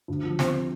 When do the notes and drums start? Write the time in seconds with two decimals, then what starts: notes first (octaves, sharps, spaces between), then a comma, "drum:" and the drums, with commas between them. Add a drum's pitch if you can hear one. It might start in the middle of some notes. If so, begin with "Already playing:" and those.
0.08 D2
0.23 F3
0.39 C3 C5, drum: snare